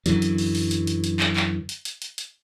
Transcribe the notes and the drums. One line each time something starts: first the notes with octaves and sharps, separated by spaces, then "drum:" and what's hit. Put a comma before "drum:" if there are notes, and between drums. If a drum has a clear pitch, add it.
F#2 D3 E3 F#3, drum: hi-hat
drum: hi-hat
drum: open hi-hat
drum: open hi-hat
drum: hi-hat
drum: hi-hat
drum: hi-hat
drum: clap
drum: clap
drum: hi-hat
drum: hi-hat
drum: hi-hat
drum: hi-hat